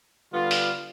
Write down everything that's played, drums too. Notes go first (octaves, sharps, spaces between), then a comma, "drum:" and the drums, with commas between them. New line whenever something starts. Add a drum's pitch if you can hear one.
D3 G3 B3 F4
drum: open hi-hat